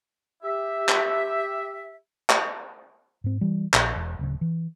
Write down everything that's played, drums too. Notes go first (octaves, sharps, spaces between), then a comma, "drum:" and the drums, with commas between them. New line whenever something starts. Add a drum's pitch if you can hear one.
G4 E5
drum: clap
drum: clap
G#2 C4
E3 G3
A#1, drum: clap
E1
D1 C#3
E3